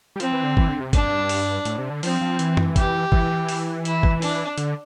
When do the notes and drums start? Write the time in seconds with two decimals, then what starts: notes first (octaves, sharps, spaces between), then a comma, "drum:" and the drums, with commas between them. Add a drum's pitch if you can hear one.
0.16 G3
0.20 F3 C4, drum: hi-hat
0.33 E3
0.44 D3
0.57 E3, drum: kick
0.68 D3
0.80 C3
0.93 G2 D4, drum: kick, hi-hat
1.29 drum: open hi-hat
1.65 A2, drum: hi-hat
1.78 C3
1.90 D3
2.03 F3 C4, drum: open hi-hat
2.21 F3
2.39 E3, drum: hi-hat
2.57 drum: tom F#2
2.76 G4, drum: kick, hi-hat
3.12 E3, drum: kick
3.49 drum: open hi-hat
3.85 E4, drum: hi-hat
4.03 drum: kick
4.22 D4, drum: open hi-hat
4.58 D3, drum: hi-hat